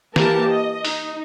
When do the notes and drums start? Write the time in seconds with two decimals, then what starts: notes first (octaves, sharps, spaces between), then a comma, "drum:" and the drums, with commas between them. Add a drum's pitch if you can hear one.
0.16 E3 A#3 G4 A#4 A5, drum: snare
0.50 D#5
0.85 D#4, drum: open hi-hat